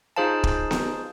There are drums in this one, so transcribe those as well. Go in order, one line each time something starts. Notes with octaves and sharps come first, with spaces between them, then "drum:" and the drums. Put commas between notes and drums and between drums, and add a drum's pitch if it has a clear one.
D#4 F4 G#4 C5 F5 A5
drum: kick
drum: snare B3